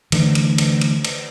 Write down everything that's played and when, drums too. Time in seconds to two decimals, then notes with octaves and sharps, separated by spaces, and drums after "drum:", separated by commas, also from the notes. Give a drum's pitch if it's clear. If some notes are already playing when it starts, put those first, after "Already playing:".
0.12 D3 E3 A3, drum: cymbal
0.35 drum: cymbal
0.58 drum: cymbal
0.81 drum: cymbal
1.05 drum: cymbal